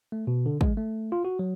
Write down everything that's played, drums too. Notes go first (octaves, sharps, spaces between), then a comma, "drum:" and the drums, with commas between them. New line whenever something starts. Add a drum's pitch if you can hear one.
A3
B2
D3
G#3, drum: kick
A3
F4
F#4
F#3